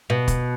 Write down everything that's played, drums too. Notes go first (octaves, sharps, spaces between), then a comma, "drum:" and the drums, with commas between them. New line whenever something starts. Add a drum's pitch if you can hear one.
B2
drum: kick, hi-hat